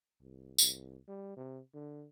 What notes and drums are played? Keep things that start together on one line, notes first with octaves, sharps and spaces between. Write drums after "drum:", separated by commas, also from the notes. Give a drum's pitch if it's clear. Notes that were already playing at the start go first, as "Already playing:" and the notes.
C2
C2, drum: tambourine
G3
C3
D3